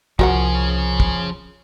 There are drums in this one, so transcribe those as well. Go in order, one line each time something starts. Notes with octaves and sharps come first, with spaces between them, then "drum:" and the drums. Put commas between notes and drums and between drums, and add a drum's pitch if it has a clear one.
C2 F3 C#4 F#4 G#4 A#4 F#5, drum: kick
drum: kick